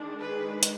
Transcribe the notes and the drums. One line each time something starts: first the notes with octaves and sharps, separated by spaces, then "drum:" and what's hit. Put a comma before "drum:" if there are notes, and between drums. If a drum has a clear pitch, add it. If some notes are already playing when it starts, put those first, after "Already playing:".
Already playing: D#3 G#3 D4
G#4 B4
drum: hi-hat